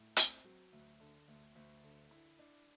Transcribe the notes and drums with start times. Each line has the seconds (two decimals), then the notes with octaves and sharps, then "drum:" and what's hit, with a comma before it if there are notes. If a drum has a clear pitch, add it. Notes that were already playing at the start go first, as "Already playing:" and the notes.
Already playing: A2
0.17 C4, drum: hi-hat
0.44 F#3
0.72 D2
1.00 D3
1.28 D2
1.55 D2
1.83 D3
2.11 E4
2.39 D4